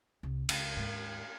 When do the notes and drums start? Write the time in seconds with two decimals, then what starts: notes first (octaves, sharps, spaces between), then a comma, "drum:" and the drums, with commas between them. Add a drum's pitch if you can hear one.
0.23 C2
0.49 C#2, drum: cymbal
0.77 D#2 G#2